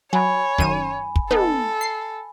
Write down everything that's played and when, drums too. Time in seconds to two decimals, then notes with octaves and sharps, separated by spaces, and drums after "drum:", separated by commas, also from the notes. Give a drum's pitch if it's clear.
0.13 F#3 C#5 G#5 B5
0.58 F#2 D#3 D#7, drum: kick
1.16 drum: kick
1.31 B3 D#4 A4, drum: tom
1.81 C7